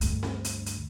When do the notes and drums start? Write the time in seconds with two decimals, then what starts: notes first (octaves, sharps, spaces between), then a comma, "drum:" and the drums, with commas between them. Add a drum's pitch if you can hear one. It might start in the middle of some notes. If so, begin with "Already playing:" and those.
0.01 D2 G2, drum: hi-hat
0.23 drum: snare C4
0.45 drum: hi-hat
0.66 drum: hi-hat